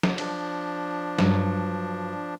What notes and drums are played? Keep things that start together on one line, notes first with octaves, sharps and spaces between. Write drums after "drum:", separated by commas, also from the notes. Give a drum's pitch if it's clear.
drum: snare
F3 D4, drum: cymbal
G2 F#3, drum: snare